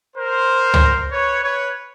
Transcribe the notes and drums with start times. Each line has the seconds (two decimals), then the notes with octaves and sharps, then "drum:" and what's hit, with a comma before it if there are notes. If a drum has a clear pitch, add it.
0.16 A#4 C5
0.74 drum: tom C#2
1.11 B4 C#5
1.43 B4 C#5